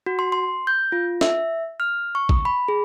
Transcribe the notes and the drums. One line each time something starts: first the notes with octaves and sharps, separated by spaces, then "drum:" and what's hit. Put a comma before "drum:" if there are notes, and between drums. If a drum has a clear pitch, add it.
F#4
C6
C6
G6
F4
E5, drum: snare
F6
C#6
drum: kick A1
B5
G#4